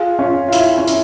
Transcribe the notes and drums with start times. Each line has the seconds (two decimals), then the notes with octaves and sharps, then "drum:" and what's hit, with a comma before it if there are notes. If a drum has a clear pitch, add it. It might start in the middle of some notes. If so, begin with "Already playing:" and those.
Already playing: F4 G#4
0.19 C#4 F4
0.48 F4
0.52 E4, drum: hi-hat
0.78 C#4
0.87 E4, drum: hi-hat